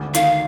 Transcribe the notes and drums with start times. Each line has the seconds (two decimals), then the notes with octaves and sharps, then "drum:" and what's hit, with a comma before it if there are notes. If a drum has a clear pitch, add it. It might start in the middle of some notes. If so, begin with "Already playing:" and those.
Already playing: G#1 D2
0.15 D#3 F5, drum: hi-hat